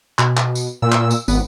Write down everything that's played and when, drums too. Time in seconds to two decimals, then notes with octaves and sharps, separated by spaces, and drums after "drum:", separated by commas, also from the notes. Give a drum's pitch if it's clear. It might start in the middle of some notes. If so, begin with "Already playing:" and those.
0.19 B2, drum: clap
0.37 drum: clap
0.55 drum: tambourine
0.82 A#2 E6
0.92 drum: clap
1.11 drum: tambourine
1.28 G#1 B3, drum: tambourine